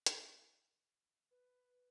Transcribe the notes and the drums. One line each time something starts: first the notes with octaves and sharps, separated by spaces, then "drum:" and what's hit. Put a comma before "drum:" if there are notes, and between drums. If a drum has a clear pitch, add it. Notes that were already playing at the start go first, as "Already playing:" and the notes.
drum: hi-hat
B4